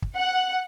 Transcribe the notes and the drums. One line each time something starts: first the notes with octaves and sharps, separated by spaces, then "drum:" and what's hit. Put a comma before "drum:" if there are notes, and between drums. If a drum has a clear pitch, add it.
drum: kick
F#5